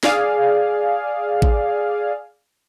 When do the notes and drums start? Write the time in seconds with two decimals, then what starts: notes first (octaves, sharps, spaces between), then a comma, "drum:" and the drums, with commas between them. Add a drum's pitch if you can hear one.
0.03 G#4 D5 F5, drum: snare
1.42 drum: kick A1